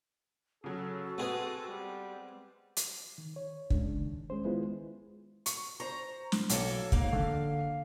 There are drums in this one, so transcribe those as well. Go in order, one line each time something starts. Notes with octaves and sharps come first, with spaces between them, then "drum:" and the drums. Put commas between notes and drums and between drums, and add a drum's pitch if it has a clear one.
C#3 F#3 F#4 A4
G#3 B3 C4 G#4
G3
drum: hi-hat
D#3
C#5
C#3 G#3 D4, drum: kick
D#3
G#3 C#4 C5
D#3 G#3 B3 E4 F4 B4
C#6, drum: hi-hat
C5 A#5 C#6
drum: snare
B1 A#3 A4 C#5, drum: hi-hat
G#2 A#3 F5, drum: kick
D3